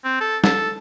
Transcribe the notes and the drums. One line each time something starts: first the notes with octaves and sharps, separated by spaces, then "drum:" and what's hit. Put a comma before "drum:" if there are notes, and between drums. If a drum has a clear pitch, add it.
C4
A4
A4, drum: snare